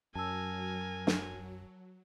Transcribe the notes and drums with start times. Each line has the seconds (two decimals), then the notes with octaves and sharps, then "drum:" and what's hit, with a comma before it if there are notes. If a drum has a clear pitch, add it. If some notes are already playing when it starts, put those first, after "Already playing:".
0.15 F#2 F#3 A#4 G#5 A5 E6
1.07 drum: snare